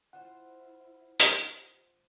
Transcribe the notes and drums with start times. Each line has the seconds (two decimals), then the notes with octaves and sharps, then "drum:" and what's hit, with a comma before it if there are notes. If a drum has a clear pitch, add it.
0.13 E4 F4 C5 F#5
1.20 drum: hi-hat